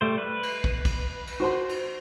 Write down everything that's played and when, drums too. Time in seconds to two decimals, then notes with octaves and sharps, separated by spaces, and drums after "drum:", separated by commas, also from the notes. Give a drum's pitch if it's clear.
0.01 G3 A3 C5
0.18 B4
0.43 drum: cymbal
0.64 drum: kick
0.85 drum: kick, cymbal
1.27 drum: cymbal
1.40 F#4 C5 C6
1.69 drum: cymbal